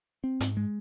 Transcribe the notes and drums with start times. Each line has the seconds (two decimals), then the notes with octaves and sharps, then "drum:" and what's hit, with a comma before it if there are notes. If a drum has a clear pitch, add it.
0.24 C4
0.40 G#2, drum: hi-hat
0.57 G#3